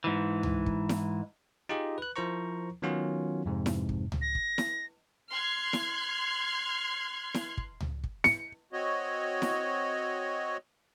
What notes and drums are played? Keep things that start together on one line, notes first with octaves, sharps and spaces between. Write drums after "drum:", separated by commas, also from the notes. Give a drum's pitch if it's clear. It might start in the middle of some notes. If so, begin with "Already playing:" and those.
G#2 E3
drum: tom C#2
drum: kick
drum: snare E4
D#4 F4 G4 G#4 D#5
B4 F#6
F3 E4 A#4 C5 A#5 C#6
D#3 F#3 B3 C#4 F4 F#4
F2 G#2 C3
drum: snare E4
drum: kick
drum: tom C#2
A#6
drum: kick
drum: snare E4
C6 F6 F#6 G#6 C7
drum: snare E4
drum: snare E4
drum: kick
drum: tom C#2
drum: kick
C#7, drum: snare E4
C4 F#4 C#5 D#5
drum: snare E4